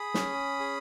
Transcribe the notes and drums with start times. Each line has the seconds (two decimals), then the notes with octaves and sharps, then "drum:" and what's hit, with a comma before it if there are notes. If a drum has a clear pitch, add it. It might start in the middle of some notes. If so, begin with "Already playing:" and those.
Already playing: G#4 B5 D#6
0.14 C#4, drum: snare
0.60 G#4